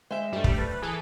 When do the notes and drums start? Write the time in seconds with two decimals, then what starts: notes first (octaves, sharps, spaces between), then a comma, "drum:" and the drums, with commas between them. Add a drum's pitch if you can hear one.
0.11 G#3 C5 E5
0.33 G2 G3 A3
0.44 drum: kick
0.58 B4
0.82 E3 G#4 A4